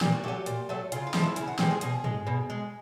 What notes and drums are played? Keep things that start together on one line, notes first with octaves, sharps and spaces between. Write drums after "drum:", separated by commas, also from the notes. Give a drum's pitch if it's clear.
A#2 G4, drum: snare
F#4
F#3 A3 G4
A#2, drum: hi-hat
F#3 A3
C#3 F4, drum: hi-hat
F4
F3 G#3, drum: snare
E4
C#3 E4, drum: hi-hat
F#4
F3 G#3 G4, drum: snare
G#4
B2 G#4, drum: hi-hat
G#3, drum: tom G2
B2
G#3